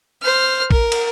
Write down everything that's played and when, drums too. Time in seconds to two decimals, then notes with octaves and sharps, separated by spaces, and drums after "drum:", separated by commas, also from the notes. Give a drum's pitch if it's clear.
0.22 C5 F6
0.71 A#4, drum: kick A1
0.92 drum: cymbal